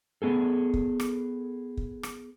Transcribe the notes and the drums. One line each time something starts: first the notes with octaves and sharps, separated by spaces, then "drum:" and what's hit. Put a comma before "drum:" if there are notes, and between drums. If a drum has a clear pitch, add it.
B3 G#4 A4
drum: kick
drum: rim click
drum: kick
drum: rim click